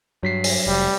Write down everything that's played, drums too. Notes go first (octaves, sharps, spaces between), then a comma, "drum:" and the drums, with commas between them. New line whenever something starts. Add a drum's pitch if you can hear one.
G2 F#3 B6 C7
drum: open hi-hat
F1 G3